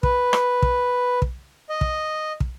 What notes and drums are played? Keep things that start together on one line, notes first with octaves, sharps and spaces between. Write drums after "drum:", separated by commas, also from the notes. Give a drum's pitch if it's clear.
B4, drum: kick
drum: rim click
drum: kick
drum: kick
D#5
drum: kick
drum: kick